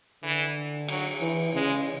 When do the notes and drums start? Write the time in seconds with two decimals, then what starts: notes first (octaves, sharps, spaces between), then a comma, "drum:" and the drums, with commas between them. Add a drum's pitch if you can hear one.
0.23 D3 E3
0.88 F#3, drum: cymbal
1.21 E3
1.54 C#3 G#3